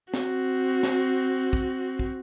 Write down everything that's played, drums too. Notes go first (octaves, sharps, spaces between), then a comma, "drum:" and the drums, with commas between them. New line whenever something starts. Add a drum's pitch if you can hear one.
C4 F#4, drum: snare
drum: snare
drum: kick
drum: kick